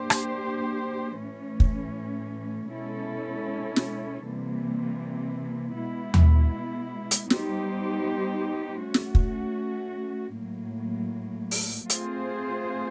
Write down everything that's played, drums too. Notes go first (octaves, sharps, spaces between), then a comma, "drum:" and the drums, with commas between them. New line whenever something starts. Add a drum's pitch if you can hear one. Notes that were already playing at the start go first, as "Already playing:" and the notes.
Already playing: A#3 D4 G4 C5
drum: rim click
A2 E3 A3 C#4
drum: kick
B2 G#3 C#4 E4 A4
drum: snare
C3 E3 G3 A#3
B2 G#3 B3 E4
drum: tom D#2
drum: hi-hat
G3 B3 D#4 G4 C5, drum: snare
A3 C#4 F#4
drum: snare
drum: kick
A2 F#3 A#3
drum: open hi-hat
A3 C4 F4 G#4 C5, drum: hi-hat